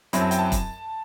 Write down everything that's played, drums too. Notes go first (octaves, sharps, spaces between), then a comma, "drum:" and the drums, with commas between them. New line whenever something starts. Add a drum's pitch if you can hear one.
F#2 F#3 C4 E4 B5, drum: hi-hat
A5
G5, drum: hi-hat
A5
drum: kick E1, hi-hat